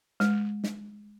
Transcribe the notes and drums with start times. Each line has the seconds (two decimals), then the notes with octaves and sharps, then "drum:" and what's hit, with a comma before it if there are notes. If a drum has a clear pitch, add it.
0.20 G#3, drum: snare
0.64 drum: snare